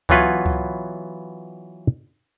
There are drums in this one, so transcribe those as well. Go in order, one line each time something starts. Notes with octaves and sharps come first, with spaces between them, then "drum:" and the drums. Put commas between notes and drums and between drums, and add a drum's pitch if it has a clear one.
E3 F#3 B3 F4 B4 C#5, drum: kick C#2
drum: kick C#2